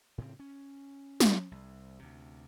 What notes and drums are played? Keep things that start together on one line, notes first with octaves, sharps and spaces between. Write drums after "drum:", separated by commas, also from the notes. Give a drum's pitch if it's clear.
A2 C#3 C4
C#4
drum: snare
C2
D2 C3